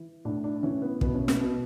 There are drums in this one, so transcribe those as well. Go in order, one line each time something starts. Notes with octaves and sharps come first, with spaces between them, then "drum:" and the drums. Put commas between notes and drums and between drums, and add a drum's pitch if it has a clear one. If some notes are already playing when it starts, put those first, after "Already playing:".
Already playing: E3
A2 D4
D4
E3 C#4
B3
B2 B3, drum: kick
C#4
B3, drum: snare
B2